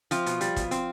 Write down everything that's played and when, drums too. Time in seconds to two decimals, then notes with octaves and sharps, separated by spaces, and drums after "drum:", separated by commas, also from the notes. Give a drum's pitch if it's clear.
0.11 F3 C4 F4, drum: hi-hat
0.26 B2, drum: hi-hat
0.41 G3, drum: hi-hat
0.56 B2, drum: kick, hi-hat
0.71 C4, drum: hi-hat